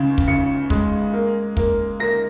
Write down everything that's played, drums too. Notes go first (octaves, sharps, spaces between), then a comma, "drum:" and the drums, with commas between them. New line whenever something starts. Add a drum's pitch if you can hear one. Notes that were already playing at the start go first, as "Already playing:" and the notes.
Already playing: C#2 C#3
drum: kick
C#3 C#7
G#3, drum: kick
A#3
A#3, drum: kick
A#3 A#6